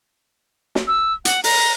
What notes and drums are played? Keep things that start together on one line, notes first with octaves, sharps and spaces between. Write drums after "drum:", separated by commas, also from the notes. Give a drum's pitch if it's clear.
drum: snare
E6
F#5, drum: hi-hat
A#5, drum: open hi-hat